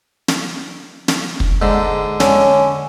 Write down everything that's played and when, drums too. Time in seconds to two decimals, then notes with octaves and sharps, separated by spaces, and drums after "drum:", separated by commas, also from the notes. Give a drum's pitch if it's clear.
0.28 drum: snare
1.08 drum: snare
1.40 drum: kick
1.62 G#2 D3
2.20 D3 C#4, drum: snare